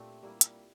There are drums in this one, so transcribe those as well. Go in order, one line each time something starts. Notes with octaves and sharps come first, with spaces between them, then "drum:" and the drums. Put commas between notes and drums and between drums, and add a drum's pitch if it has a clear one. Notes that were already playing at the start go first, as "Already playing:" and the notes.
Already playing: A#2 A3 C4 D4 F4 G4
G3 A#3 E4
drum: hi-hat